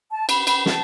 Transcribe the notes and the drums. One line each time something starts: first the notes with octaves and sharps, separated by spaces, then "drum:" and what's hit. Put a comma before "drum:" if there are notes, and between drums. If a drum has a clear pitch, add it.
A5
B5, drum: cymbal
B5, drum: cymbal
A5, drum: snare